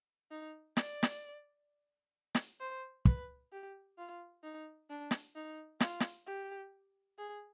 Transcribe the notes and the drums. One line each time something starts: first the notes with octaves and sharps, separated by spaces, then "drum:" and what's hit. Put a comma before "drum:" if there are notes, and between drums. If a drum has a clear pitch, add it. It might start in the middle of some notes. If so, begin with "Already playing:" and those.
D#4
D5, drum: snare
drum: snare
drum: snare
C5
B4, drum: kick
G4
F4
D#4
D4
drum: snare
D#4
F4, drum: snare
drum: snare
G4
G#4